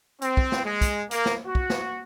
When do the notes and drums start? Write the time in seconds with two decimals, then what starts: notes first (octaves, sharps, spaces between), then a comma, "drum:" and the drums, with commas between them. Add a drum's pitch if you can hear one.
0.22 C4, drum: hi-hat
0.37 drum: kick
0.52 drum: snare
0.65 G#3
0.81 drum: kick, hi-hat
1.11 A#3, drum: hi-hat
1.26 drum: snare
1.45 F#4
1.55 drum: kick
1.70 drum: snare